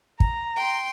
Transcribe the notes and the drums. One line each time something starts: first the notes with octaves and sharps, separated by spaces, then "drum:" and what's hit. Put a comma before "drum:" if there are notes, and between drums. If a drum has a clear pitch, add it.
A#5, drum: kick
G5 C6